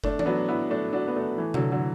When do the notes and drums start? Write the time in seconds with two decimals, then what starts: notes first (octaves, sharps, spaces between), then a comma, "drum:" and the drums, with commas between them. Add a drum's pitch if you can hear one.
0.04 A3 D4, drum: kick F#1
0.19 D4, drum: tom E3
0.26 F#3 B3
0.48 B3 E4
0.70 A3 D4
0.93 D4 F#4
1.08 B3
1.16 A3 D4
1.38 E3 A3
1.54 D3 F#3, drum: tom C3
1.72 D3 F#3